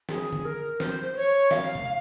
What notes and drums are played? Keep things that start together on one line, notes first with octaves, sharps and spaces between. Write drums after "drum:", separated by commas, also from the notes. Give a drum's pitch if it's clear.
G#4, drum: snare
drum: tom
A#4
C5, drum: snare
C#5
F5, drum: snare
drum: tom